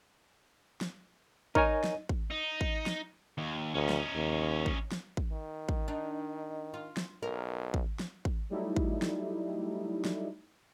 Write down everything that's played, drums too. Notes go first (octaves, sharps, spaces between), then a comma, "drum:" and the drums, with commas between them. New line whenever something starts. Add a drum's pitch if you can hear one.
drum: snare
D#4 A#4 C#5 G#5, drum: kick
drum: snare
drum: kick
D#4
drum: kick
drum: snare
D#2
D2 C#4 D#4
drum: snare
D#2
drum: kick
drum: snare
drum: kick
D#3
drum: kick
D4 D#4
F4
drum: snare
B1 A#4
drum: kick
drum: snare
drum: kick
F#3 G3 A3 D#4 E4
drum: kick
drum: snare
drum: snare